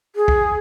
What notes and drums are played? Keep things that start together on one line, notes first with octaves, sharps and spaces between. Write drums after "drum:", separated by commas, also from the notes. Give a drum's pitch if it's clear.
G#4
drum: kick